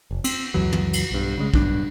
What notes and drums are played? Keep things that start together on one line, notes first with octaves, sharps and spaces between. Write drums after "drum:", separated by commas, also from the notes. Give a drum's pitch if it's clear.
F1
C4, drum: cymbal
C#2 F#2 E3 F#3
drum: tom
drum: cymbal
B1 G2
C#3 G#3
D1 B1 G2 D4, drum: kick